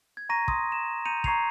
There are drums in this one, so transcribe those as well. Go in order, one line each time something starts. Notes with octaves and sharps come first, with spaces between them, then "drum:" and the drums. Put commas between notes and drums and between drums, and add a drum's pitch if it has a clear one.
G#6
A#5 C#6 A#6 D#7
C6 D#6, drum: kick
E7
A#5 G6 C#7 D#7 F7
A#5 C#6 G#6 C7 C#7 F7, drum: kick